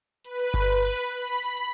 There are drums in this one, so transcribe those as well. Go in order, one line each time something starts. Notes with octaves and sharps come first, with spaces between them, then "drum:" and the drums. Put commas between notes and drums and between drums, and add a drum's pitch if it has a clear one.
B4, drum: hi-hat
drum: hi-hat
drum: kick G1, hi-hat
drum: hi-hat
drum: hi-hat
drum: hi-hat
B5
drum: hi-hat
drum: hi-hat
drum: hi-hat